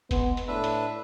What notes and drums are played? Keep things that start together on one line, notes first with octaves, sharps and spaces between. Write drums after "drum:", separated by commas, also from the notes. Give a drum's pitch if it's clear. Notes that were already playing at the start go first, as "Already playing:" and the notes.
G#3 B3, drum: kick F1, hi-hat
drum: hi-hat
A2 D4 B4 E5
drum: hi-hat